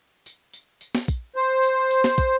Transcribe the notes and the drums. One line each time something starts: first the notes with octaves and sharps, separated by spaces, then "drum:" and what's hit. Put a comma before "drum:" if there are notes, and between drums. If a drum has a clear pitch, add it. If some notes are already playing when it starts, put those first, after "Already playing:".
drum: tambourine
drum: tambourine
drum: tambourine
drum: snare
drum: kick, tambourine
C5
drum: tambourine
drum: tambourine
drum: snare
drum: kick, tambourine